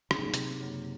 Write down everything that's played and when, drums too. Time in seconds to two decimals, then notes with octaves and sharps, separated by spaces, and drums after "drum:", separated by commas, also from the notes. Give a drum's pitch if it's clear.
0.11 C#3 F#3 A#3 D#4 G#4, drum: rim click
0.19 C3
0.26 A#2
0.34 C3, drum: hi-hat
0.59 F#2 C#3 F#3 A#3